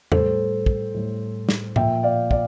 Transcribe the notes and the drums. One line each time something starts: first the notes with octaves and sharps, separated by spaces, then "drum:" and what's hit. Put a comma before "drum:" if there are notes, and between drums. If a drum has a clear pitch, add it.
A2 G3 A4 C5, drum: tom E2
drum: kick
A2 G3
drum: snare
A#2 F3 E5 G5, drum: tom G#2
D5 F5
D5 F5, drum: kick